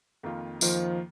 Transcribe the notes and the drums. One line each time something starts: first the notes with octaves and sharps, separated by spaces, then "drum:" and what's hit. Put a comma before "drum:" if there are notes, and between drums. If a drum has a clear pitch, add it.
F2 D#3 A#3 F4
F2 D#3 F3 A#3 F4, drum: tambourine